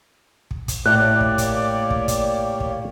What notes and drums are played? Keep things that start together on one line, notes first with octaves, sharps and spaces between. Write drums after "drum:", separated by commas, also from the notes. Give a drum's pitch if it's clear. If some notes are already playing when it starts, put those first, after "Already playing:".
drum: kick
drum: kick, hi-hat
A2 A#3 G4 C#5 D5 F#6
drum: kick
drum: kick, hi-hat
drum: kick
drum: kick, hi-hat
drum: kick